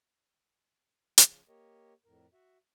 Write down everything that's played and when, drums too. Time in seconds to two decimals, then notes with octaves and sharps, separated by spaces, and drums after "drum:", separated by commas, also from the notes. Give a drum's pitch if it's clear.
1.18 C#3 F3, drum: hi-hat
1.48 A#3 G4 A#4 C#5 D#5
2.06 F2 A2 A#4
2.33 F#4 E5